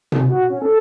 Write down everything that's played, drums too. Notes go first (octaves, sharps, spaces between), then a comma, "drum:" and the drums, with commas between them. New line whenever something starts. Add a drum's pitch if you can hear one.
C3, drum: tom B2
F#4
C#4
A4